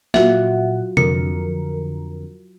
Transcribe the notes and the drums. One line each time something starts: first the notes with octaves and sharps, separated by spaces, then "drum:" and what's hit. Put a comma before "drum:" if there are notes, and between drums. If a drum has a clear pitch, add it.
A#2 F#3 F4 F#4 E5 F#5, drum: snare
F2 D3 A#4 C#7, drum: tom C3